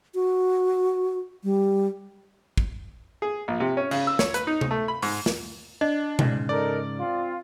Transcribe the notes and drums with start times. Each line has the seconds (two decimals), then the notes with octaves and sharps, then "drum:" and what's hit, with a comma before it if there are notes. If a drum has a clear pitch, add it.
0.15 F#4
1.44 G3
2.57 drum: kick
3.22 G#4
3.48 A#1
3.60 C3
3.77 C#4
3.91 C#3, drum: cymbal
4.07 E6
4.19 C#5, drum: snare
4.34 B4, drum: hi-hat
4.47 D#4
4.61 drum: tom C3
4.71 A3
4.88 B5
5.02 G#2, drum: open hi-hat
5.26 drum: snare
5.81 D4 D#5
6.19 G#2 C#3, drum: tom B2
6.49 D#4 A4 A#4 D5
6.99 C4 F4